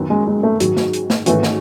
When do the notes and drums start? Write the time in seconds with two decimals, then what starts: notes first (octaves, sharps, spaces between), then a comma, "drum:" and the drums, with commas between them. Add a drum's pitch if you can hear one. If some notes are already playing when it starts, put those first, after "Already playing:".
Already playing: F#2 D#3 F#3 B3
0.10 G#3
0.27 G#3
0.43 A3
0.60 G#2 D#3 F#3 G#3, drum: hi-hat
0.77 drum: snare
0.93 drum: hi-hat
1.10 drum: snare
1.26 G#2 D#3 E3 A3 C#4 F#4, drum: hi-hat
1.43 drum: snare